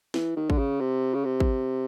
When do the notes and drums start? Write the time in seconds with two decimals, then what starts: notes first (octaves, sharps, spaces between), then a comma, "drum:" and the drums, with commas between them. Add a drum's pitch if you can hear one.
0.14 E3, drum: snare
0.36 D#3
0.50 D3, drum: kick
0.58 C#3
0.80 C3
1.14 C#3
1.25 C3
1.40 drum: kick